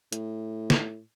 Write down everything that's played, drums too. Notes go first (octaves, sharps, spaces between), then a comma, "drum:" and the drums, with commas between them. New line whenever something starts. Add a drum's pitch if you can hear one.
A2, drum: hi-hat
drum: snare